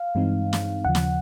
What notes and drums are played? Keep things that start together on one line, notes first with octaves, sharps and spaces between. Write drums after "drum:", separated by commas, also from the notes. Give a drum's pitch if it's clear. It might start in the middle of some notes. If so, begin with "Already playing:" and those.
Already playing: F5
G2 E3 G#3 C4 D#4
drum: snare
D#2 C#3 F3 F#5
drum: snare